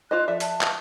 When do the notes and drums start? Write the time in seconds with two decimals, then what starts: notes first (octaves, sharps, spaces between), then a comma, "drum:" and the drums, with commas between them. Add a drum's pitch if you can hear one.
0.11 F4 C5 D#5 F#6
0.28 F3 A4 D5 E5
0.40 A5, drum: hi-hat
0.61 drum: clap